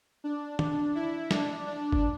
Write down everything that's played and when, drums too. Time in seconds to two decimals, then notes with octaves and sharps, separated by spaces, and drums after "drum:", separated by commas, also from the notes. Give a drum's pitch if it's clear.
0.24 D4
0.59 D4, drum: tom
0.95 E4
1.31 D4, drum: snare
1.67 D4
1.92 drum: kick G1